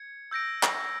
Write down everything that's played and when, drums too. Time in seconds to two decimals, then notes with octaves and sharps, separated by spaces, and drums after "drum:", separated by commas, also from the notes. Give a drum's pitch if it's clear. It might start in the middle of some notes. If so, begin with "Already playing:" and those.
Already playing: G#6 C#7
0.31 E6 G6 A#6 D7
0.63 drum: clap